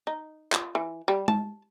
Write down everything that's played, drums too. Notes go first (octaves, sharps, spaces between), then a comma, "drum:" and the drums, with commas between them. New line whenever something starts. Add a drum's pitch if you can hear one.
D#4
F4, drum: clap
E3
G3
A5, drum: tom G#3